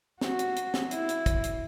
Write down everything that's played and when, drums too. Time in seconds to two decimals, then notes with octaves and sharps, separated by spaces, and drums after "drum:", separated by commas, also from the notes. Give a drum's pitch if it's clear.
0.21 F#4, drum: snare
0.39 drum: hi-hat
0.56 drum: hi-hat
0.74 drum: snare
0.91 E4, drum: hi-hat
1.09 drum: hi-hat
1.26 drum: kick, hi-hat
1.44 drum: hi-hat